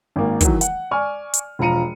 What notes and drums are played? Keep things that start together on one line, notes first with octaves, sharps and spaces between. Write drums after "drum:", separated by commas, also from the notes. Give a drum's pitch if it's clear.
G#1 A#3
D#3 E3 F#3, drum: kick, hi-hat
F#5, drum: hi-hat
D5 G#5 C#6 F6
drum: hi-hat
E1 F3 F4 A#5 C#7 D#7